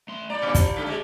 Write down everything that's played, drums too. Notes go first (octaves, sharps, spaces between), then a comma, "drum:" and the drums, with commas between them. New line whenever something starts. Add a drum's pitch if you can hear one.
A3 C6
E4 D5 A#5
G2 A#2 G3
F3, drum: kick, hi-hat
G2 D3 A3
C3 G3 G#3